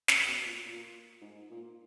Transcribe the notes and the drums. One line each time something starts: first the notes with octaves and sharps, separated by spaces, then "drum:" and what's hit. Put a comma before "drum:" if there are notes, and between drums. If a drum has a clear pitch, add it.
C#3, drum: snare
B2
A#2
A#2
G#2
A#2